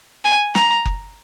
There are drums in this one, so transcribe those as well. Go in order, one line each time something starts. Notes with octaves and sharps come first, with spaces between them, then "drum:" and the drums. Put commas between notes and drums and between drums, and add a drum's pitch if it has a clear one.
G#5
A#5, drum: snare
drum: kick F#1